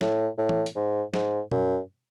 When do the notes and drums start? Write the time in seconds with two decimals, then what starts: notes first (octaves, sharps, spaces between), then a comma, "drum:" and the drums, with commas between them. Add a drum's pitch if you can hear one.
0.01 A2, drum: snare
0.38 A2
0.49 drum: tom E3
0.66 drum: hi-hat
0.76 G#2
1.14 G#2, drum: snare
1.52 F#2, drum: tom B2